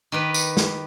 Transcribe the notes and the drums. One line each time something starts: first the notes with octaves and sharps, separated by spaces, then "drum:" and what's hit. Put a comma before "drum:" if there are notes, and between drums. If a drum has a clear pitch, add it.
D#3 G4 B4
drum: tambourine
drum: snare